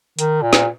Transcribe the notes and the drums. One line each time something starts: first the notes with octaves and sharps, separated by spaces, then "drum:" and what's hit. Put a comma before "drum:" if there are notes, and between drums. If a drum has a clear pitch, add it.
D#3, drum: hi-hat
A#2
drum: snare